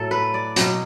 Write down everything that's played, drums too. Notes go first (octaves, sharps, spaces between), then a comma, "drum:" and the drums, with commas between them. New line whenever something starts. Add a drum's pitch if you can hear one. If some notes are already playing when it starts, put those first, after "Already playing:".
Already playing: A2 F#3 A4
B4
D5
B2 F#3, drum: hi-hat